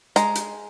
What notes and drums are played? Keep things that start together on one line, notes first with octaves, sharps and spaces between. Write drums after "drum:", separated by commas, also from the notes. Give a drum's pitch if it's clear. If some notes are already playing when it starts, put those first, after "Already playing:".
G#3 A#5, drum: hi-hat
drum: hi-hat